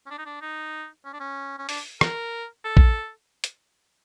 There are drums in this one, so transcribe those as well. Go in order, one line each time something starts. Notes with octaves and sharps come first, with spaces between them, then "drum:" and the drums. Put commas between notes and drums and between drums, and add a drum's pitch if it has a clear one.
C#4
D4
D#4
D4
D#4
C#4
D4
C#4
C#4
D4, drum: open hi-hat
A#4, drum: rim click
A4
drum: kick
drum: hi-hat